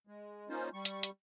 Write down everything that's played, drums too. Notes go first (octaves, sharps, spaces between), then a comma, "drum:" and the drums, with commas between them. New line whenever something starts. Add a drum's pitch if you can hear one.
G#3
A#3 C#4 D#4 F4 C5
G3 C#6
drum: hi-hat
drum: hi-hat